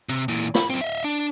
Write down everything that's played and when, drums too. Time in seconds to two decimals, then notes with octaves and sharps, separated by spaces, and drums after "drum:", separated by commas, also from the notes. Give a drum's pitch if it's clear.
0.09 C3
0.28 A#2 E3
0.55 B5, drum: snare
0.70 F#2 C4
0.81 D#5 E5
1.05 D4